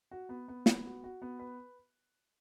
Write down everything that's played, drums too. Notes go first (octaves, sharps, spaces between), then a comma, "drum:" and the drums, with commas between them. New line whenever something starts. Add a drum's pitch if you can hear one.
F#4
B3
B3
B3, drum: snare
F#4
F#4
B3
B4